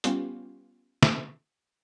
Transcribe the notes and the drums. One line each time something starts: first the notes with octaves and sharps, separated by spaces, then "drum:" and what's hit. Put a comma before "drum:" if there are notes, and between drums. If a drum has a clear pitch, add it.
G3 B3 C#4 F4 G4, drum: hi-hat
drum: snare